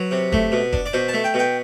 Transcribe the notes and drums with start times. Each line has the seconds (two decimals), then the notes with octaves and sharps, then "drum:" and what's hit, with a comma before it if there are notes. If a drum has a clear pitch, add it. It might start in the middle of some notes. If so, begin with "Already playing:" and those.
Already playing: F#3 B4
0.11 C3
0.32 A3, drum: kick
0.52 B2
0.73 D4, drum: kick
0.86 D5
0.93 B2 C5
1.08 A5
1.14 A3
1.24 G5
1.34 B2 G5